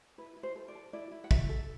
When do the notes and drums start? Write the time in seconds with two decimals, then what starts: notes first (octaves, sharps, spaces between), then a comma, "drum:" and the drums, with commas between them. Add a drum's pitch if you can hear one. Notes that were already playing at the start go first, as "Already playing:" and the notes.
0.18 E4 B4
0.36 E4
0.43 C5
0.55 A4
0.68 D5
0.75 A4
0.93 E4 D5
1.11 E4
1.24 F#5
1.31 A4 E5, drum: kick
1.49 A4